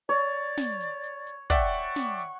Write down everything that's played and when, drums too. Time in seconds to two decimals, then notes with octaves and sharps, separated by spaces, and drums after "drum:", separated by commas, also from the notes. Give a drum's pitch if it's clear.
0.09 C#5 D5
0.57 drum: snare
0.81 drum: hi-hat
1.04 drum: hi-hat
1.27 drum: hi-hat
1.50 D5 E5 F#5 G5 C#6, drum: kick, open hi-hat
1.73 drum: hi-hat
1.96 drum: snare
2.19 drum: hi-hat